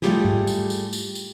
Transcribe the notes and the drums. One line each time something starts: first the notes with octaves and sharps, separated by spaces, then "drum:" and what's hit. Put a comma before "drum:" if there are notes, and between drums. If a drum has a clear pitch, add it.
G3 A3 E4 F4 G4 G#4, drum: snare
drum: tom G#2
drum: tambourine
drum: tambourine
drum: tambourine
drum: tambourine